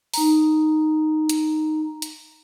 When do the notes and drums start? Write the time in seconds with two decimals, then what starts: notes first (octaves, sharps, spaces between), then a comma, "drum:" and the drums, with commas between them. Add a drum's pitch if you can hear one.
0.14 D#4 A#5, drum: open hi-hat
1.29 drum: hi-hat
2.02 drum: hi-hat